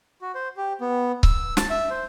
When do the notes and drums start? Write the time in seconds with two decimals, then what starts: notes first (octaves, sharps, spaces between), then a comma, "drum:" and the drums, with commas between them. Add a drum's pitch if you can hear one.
0.22 F#4
0.35 C5
0.57 G4
0.81 B3
1.23 E6, drum: kick C#1
1.57 A5, drum: snare
1.70 E5
1.90 C5